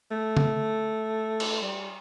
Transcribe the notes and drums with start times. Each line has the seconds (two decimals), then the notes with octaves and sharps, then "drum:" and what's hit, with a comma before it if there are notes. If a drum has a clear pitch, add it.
0.11 A3
0.37 drum: tom
1.40 drum: cymbal
1.62 G3